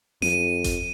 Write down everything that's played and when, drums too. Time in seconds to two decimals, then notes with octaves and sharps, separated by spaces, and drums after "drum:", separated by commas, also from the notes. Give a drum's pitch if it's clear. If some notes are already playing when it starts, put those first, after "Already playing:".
0.22 F2 D#7, drum: snare
0.64 drum: kick G1, hi-hat